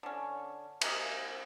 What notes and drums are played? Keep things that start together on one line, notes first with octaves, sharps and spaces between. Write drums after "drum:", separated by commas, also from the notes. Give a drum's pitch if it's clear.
D3 C#4
C3 A#3 D#5, drum: cymbal